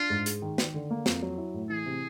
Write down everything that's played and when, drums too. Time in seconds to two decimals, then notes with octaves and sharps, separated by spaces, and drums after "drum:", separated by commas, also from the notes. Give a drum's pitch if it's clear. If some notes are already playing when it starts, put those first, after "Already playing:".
Already playing: D4 F4
0.10 G#2
0.26 G#3, drum: hi-hat
0.42 D#3
0.58 D#3, drum: snare
0.74 D3
0.91 A#3
1.06 F2, drum: snare
1.22 F#3
1.38 E4
1.54 A2
1.70 E3 G#4
1.86 C3